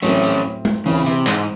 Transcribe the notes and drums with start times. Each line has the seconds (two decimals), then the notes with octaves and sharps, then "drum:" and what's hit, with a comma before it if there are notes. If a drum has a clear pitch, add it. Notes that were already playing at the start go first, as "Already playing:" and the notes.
0.03 A2 F#3 A3 C4 C#4 E4, drum: hi-hat
0.24 drum: hi-hat
0.65 drum: tom G#3
0.86 C#3 E3 C4 E4, drum: open hi-hat
1.06 C3, drum: hi-hat
1.27 G#2, drum: clap